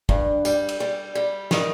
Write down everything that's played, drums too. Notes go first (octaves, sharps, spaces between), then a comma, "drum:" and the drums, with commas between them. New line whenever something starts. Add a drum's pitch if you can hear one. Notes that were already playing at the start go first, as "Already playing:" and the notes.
G2, drum: kick
G3, drum: tambourine
drum: cymbal
G3
G3
D#3, drum: snare